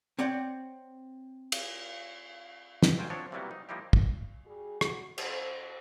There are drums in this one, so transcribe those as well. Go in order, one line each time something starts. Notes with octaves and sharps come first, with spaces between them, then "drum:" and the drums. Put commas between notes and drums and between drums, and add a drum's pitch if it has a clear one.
C4 C#5 D5 F#5 G5
drum: cymbal
drum: snare
A1 F#3 F4 C5 G5 G#5
F3 F#3 C4 D4 A4 C#5
C3 E3 F#3 G3 A#3 B3
D#4
F3 G3 A#3 D#4 E4 G4
drum: kick
G3 F#4 G#4
F#4, drum: rim click
F#2 C5, drum: cymbal